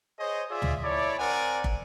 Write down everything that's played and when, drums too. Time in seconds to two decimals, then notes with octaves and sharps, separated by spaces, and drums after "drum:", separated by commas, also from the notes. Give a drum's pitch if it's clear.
0.19 G#4 C5 C#5 D#5
0.50 F4 G#4 D5 E5
0.62 drum: tom
0.82 A3 E4 C#5 D5
1.18 C4 A#4 D5 F#5 G#5
1.64 drum: kick